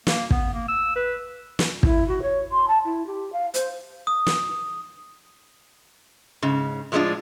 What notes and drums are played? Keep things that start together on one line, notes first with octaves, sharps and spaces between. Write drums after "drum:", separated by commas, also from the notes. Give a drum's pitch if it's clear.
A#3, drum: snare
B3, drum: kick
A#3
E6
B4
drum: snare
E4, drum: kick
F#4
C#5
C6
A5
E4
G4
F5
C5, drum: hi-hat
D#6
drum: snare
G#2 C#3
A2 F3 G#3 C4 D4 F4